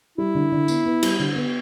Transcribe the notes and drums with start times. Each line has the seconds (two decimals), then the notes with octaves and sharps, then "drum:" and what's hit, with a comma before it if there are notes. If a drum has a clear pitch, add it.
0.18 G3 E4
0.35 D3
0.52 D3
0.68 B3, drum: tambourine
0.85 B3
1.03 G3, drum: cymbal
1.19 D3
1.36 B3